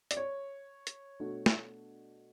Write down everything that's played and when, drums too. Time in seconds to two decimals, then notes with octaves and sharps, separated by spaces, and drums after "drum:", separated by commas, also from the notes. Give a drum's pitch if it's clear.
0.11 D5, drum: hi-hat
0.17 C#5
0.87 drum: hi-hat
1.20 B2 A3 D4 F#4
1.46 drum: snare